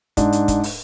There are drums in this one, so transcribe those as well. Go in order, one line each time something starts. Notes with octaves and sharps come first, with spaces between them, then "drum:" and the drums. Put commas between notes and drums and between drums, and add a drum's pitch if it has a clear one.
G#2 D4, drum: kick, hi-hat
drum: hi-hat
drum: kick, hi-hat
drum: open hi-hat